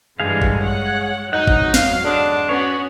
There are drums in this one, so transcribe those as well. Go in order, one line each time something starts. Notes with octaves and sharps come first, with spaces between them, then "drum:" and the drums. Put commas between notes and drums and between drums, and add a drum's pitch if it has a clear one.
G2 D3 E3 G#3 G#4 F5
drum: kick G#1
C#5 F#5
F2 G#2 F#3 D#4 F#5
drum: kick G#1
F5, drum: snare
D3 G#3 D4
B3 C#4 F#4 C#5